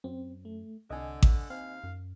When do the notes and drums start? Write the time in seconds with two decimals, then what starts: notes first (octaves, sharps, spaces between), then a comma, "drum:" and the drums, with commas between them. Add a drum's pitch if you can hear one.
0.04 F#2 C4
0.45 A3
0.90 C2 D3 D#5 G#5
1.23 drum: kick A1
1.50 D#2 C4 F5
1.84 F#2